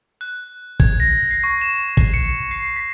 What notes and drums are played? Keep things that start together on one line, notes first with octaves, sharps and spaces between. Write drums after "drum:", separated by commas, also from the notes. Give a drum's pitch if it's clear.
F#6
G#6, drum: kick G#1
A#6
C7
C#6
E7
drum: kick G#1
C#7
C7
B6